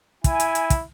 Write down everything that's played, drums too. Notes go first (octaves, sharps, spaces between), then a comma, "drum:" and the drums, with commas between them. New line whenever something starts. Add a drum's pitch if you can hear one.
E4 G#5, drum: kick, hi-hat
drum: hi-hat
drum: hi-hat
drum: kick, hi-hat